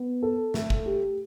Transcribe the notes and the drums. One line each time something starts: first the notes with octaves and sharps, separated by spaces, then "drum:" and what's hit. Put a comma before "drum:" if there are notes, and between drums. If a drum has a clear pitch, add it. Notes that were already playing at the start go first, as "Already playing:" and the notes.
Already playing: B3
A4
A3, drum: snare
drum: kick
G4